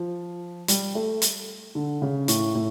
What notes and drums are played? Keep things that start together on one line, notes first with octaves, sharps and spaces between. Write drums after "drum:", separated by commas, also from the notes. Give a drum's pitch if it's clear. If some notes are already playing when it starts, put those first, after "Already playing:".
Already playing: F3
G3, drum: hi-hat
A3
drum: hi-hat
D3
C#3
A2, drum: hi-hat
A2